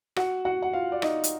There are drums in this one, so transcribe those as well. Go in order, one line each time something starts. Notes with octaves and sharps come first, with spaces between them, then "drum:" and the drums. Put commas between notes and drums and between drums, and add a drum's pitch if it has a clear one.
F#4 F#5, drum: rim click
F#4 F#5
F#5
F4 F5
D5
D#4 D#5, drum: rim click
drum: hi-hat